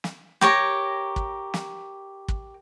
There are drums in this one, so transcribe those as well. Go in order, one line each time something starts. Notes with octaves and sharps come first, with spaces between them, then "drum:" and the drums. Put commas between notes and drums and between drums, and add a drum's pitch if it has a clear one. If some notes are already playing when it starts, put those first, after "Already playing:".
drum: snare
G4 A#4 C#5 A#5, drum: snare
drum: kick
drum: snare
drum: kick